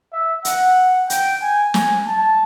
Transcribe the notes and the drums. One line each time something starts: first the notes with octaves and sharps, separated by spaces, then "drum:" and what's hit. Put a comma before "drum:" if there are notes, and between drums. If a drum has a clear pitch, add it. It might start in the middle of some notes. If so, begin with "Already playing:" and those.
E5
F#5, drum: hi-hat
G5, drum: hi-hat
G#5
G#5, drum: snare
A5